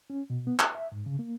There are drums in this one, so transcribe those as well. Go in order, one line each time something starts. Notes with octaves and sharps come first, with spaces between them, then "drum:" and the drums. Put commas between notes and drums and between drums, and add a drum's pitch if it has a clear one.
C#4
B2
B3
F#6, drum: clap
E5
G#2
C#3
A#3